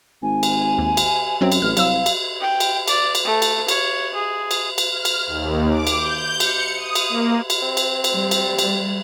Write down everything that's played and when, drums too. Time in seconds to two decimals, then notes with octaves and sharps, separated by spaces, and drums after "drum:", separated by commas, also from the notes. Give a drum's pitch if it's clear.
0.22 G#1 G#5
0.43 drum: cymbal
0.78 D#2
0.97 drum: cymbal
1.41 F#2 F#3 C4
1.52 drum: cymbal
1.62 A1 F6
1.77 C2 F#3 F5 E6, drum: cymbal
2.06 drum: cymbal
2.41 G5
2.60 drum: cymbal
2.88 D5, drum: cymbal
3.15 drum: cymbal
3.25 A3
3.42 drum: cymbal
3.68 C#5, drum: cymbal
4.15 G#4
4.51 drum: cymbal
4.78 drum: cymbal
4.91 F6
5.05 drum: cymbal
5.26 D#2
5.70 D6
5.87 drum: cymbal
5.99 G6
6.40 C#7, drum: cymbal
6.75 D#6
6.95 drum: cymbal
7.09 A#3
7.50 drum: cymbal
7.63 C4
7.77 drum: cymbal
8.04 drum: cymbal
8.13 G3
8.31 drum: cymbal
8.59 drum: cymbal